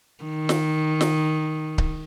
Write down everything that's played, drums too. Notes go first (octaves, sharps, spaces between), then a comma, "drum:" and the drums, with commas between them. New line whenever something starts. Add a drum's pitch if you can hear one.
D#3
drum: snare
drum: snare
drum: kick C#1